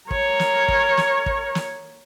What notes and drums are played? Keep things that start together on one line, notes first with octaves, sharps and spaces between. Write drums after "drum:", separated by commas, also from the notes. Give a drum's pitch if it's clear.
A#4 C#5, drum: kick
drum: snare
drum: kick
drum: snare
drum: kick
drum: snare